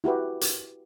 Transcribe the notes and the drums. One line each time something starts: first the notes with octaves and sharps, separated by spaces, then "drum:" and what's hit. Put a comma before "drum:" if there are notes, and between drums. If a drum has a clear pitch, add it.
E4 F#4 G4 B4
drum: hi-hat